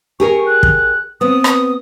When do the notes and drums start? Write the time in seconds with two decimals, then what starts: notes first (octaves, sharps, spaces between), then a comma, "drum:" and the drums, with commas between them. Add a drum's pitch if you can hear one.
0.20 G4 G#4 A#4 C#6
0.47 F#6
0.63 drum: kick
1.21 B3 C4 D#6
1.44 drum: rim click